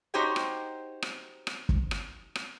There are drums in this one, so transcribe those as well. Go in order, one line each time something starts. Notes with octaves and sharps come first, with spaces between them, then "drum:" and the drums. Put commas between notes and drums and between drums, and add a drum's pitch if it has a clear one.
D#4 F#4 G4 C5 C#5 G5
drum: rim click
drum: rim click
drum: rim click
drum: kick
drum: rim click
drum: rim click